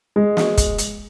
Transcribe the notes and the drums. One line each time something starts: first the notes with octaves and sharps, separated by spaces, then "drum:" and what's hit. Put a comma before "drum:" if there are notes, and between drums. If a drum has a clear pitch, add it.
G#3
drum: snare
drum: kick, hi-hat
drum: hi-hat